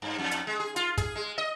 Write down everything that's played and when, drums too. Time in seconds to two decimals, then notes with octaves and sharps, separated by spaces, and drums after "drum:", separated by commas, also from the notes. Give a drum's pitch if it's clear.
0.02 G2
0.18 F2
0.31 drum: hi-hat
0.47 G#3
0.60 G#4
0.76 F4, drum: hi-hat
0.98 G#4, drum: kick, hi-hat
1.16 G#3
1.38 D#5